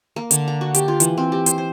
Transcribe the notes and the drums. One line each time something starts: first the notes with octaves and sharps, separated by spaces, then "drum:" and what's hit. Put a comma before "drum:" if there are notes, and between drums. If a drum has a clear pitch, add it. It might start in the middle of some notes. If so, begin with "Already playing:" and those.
A#3
D3, drum: hi-hat
A#5
F#4
G4, drum: hi-hat
F4
E3, drum: hi-hat
C4
G4
C5, drum: hi-hat
C5